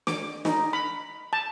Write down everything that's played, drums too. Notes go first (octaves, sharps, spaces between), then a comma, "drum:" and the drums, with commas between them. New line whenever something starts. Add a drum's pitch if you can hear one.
D6, drum: snare
D#4, drum: snare
B5
A5